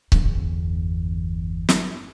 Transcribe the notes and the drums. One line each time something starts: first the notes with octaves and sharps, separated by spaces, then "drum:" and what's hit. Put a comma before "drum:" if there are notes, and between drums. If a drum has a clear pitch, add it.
G1 E2, drum: kick C#1
drum: snare